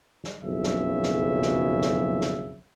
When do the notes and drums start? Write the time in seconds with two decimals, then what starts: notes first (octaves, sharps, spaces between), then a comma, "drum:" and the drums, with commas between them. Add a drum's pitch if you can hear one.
0.24 drum: snare
0.43 F#1 B1 F2 C#3 E5
0.63 drum: snare
1.03 drum: snare
1.42 drum: snare
1.81 drum: snare
2.21 drum: snare